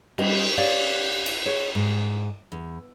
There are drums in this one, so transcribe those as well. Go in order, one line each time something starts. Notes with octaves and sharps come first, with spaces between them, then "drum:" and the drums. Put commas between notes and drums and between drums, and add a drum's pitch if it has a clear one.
G3 D#5, drum: cymbal
G4 C#5 D5 F5
drum: cymbal
G#4 C#5
G#2
E2